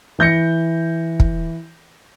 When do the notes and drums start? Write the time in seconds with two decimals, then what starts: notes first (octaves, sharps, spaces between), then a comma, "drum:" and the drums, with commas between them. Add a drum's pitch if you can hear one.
0.19 E3 G6 A#6 C#7
1.20 drum: kick